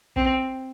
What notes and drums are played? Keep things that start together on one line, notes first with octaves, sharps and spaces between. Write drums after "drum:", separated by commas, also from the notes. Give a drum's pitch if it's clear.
C4, drum: kick